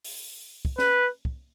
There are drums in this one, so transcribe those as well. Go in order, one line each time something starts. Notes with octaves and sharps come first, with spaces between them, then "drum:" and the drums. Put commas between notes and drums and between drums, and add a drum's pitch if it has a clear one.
drum: open hi-hat
drum: kick
B4, drum: snare
drum: kick